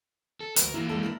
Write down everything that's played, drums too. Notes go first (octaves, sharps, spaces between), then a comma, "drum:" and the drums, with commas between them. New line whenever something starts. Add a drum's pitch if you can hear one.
A4
D2 A#4 B4, drum: hi-hat
E3 A#3 E4
G3 G#3 A4
D4 E4 A#4